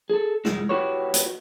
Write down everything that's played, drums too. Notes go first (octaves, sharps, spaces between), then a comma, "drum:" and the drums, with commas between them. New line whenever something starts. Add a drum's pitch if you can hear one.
G#4 A4
C2 G#3 E4, drum: rim click
E4 F#4 G4 B4 C#5
drum: hi-hat